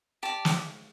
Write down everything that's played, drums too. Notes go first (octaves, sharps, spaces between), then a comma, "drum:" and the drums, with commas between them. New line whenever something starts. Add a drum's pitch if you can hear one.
G4 D5 A5
drum: snare